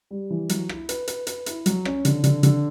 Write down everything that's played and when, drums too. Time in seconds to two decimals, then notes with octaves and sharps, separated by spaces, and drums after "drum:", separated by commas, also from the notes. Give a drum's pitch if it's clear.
0.11 G3
0.30 E3
0.49 F#3, drum: hi-hat
0.69 E4, drum: rim click
0.89 B4, drum: hi-hat
1.08 B4, drum: hi-hat
1.27 B4, drum: hi-hat
1.46 E4, drum: hi-hat
1.66 F#3, drum: hi-hat
1.85 C#4, drum: rim click
2.05 D3, drum: hi-hat
2.24 D3, drum: hi-hat
2.43 D3, drum: hi-hat